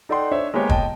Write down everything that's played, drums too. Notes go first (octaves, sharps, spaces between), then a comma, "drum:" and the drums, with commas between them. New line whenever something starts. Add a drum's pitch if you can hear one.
D#4 A4 D5 F#5 G5 C6
D4 C5 C#5 E5
G#3 A#3 B3 G4 C#5
D#5 G5 A5, drum: kick